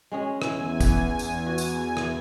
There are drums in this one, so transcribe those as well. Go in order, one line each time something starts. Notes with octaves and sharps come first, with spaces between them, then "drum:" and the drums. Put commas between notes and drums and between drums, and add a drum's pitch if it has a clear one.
G#3 C#4 G#4
E2 E4 G#5, drum: rim click
E3 B3, drum: kick, tambourine
drum: tambourine
F#4
drum: tambourine
drum: rim click